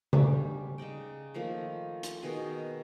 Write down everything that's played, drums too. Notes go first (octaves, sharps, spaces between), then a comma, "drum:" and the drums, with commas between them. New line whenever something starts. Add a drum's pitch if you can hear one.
G3 C#4 G4, drum: tom C#3
C#3 D#4 D5 G5
D#3 F3 A3 A#3
drum: hi-hat
B2 D#3 G#4 G#5